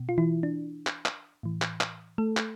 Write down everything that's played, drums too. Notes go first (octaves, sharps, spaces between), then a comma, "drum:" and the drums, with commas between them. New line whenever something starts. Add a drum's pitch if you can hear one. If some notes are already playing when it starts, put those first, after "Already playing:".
Already playing: B2
F4
E3 E4
D4
drum: clap
drum: clap
A2 E3
drum: clap
drum: clap
A3 A4
drum: clap